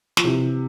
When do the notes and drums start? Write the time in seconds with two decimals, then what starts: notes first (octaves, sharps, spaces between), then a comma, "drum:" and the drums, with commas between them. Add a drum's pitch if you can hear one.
0.17 F3, drum: snare
0.24 C3 E3